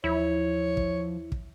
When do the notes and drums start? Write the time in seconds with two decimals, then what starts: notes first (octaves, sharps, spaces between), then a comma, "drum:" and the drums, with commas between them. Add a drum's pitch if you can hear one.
0.04 D#2 E3 F3 E4 C#5 E5
0.77 drum: kick
1.32 drum: kick